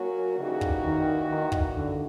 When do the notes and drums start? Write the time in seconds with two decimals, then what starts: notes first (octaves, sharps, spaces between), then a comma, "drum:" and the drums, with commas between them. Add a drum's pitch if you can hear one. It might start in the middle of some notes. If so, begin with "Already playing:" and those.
Already playing: F#3 A#3 C#4 F#4
0.38 C#3 E3 G3 A#3 D#4 F#4
0.61 drum: kick
0.84 D#3
1.29 D#3
1.52 drum: kick
1.74 D3